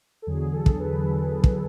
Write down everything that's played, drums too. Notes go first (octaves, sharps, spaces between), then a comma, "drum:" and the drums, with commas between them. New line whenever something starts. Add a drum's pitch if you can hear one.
A4
E2 D3 F#3 G#4
A4
drum: kick
B4
drum: kick